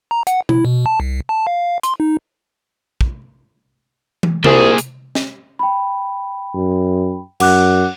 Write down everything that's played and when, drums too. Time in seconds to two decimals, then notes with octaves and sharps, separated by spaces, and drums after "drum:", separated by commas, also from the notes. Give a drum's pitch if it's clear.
0.11 A#5
0.27 F#5, drum: hi-hat
0.49 E4, drum: tom B2
0.65 B2
0.86 A5
1.00 C2
1.29 A5
1.47 F5
1.83 C6, drum: hi-hat
2.00 D#4
3.01 drum: kick
4.23 drum: tom
4.44 C2 A#2 G#4, drum: tom C3
4.78 drum: hi-hat
5.15 drum: snare
5.59 G5 B5
6.55 F#2
7.40 F#2 F#5 D6 F#6, drum: cymbal